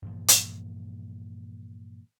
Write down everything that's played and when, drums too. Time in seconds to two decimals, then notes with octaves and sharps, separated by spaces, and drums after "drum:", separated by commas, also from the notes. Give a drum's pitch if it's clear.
0.02 G2 A#2 E3 F3
0.28 drum: hi-hat